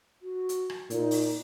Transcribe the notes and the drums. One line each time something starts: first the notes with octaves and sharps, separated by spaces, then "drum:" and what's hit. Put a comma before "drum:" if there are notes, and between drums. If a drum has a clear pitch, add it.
F#4
drum: hi-hat
drum: rim click
A#2 D#4, drum: hi-hat
drum: open hi-hat